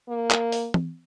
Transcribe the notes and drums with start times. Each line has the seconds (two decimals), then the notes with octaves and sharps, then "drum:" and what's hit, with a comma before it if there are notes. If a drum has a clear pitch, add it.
0.09 A#3
0.31 drum: clap
0.52 drum: open hi-hat
0.74 drum: tom E3